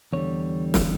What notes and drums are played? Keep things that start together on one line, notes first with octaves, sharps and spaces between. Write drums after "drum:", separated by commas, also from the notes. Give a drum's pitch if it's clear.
E2 D3 G3 C#5
drum: snare